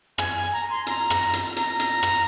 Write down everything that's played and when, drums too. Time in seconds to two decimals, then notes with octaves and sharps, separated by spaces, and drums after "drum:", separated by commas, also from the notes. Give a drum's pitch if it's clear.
0.18 G#5, drum: rim click
0.36 G#5
0.53 A#5
0.70 C6
0.86 A#5, drum: hi-hat
1.10 drum: rim click
1.33 drum: hi-hat
1.56 A#5, drum: hi-hat
1.79 drum: hi-hat
2.02 drum: rim click